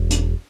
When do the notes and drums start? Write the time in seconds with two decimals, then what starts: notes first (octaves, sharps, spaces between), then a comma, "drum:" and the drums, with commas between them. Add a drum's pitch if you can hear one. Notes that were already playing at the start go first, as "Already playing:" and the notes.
Already playing: E1
0.10 drum: hi-hat